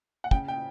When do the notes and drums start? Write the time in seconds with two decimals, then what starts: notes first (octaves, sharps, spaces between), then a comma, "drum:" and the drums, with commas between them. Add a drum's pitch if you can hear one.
0.24 F#5
0.31 C#3 G5, drum: kick
0.48 G5